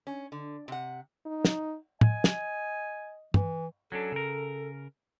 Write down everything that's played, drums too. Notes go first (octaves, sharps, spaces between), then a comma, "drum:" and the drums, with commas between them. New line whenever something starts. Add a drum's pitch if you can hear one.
C#4
D3
C3 F#5
D#4
drum: snare
D#5 G#5, drum: tom
drum: snare
E3, drum: tom
F#3 C#4 D4 A4
C#3 A#4